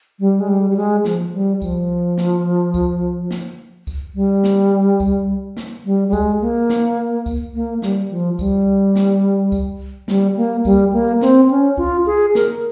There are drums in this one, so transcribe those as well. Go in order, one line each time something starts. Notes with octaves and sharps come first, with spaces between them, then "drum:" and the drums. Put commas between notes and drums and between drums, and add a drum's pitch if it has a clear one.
G3
G#3
G3
G3
G#3
F3, drum: snare
G3
F3, drum: kick C2, tambourine
drum: snare
drum: kick C2, tambourine
drum: snare
drum: kick C2, tambourine
G3
drum: snare
drum: kick C2, tambourine
drum: snare
G3
G3
G#3, drum: kick C2, tambourine
A#3
drum: snare
drum: kick C2, tambourine
A#3
G3, drum: snare
F3
G3, drum: kick C2, tambourine
drum: snare
drum: kick C2, tambourine
G3, drum: snare
A#3
G3, drum: kick C2, tambourine
A#3
C4, drum: snare
C#4
F4, drum: kick C2
G#4
A#4, drum: snare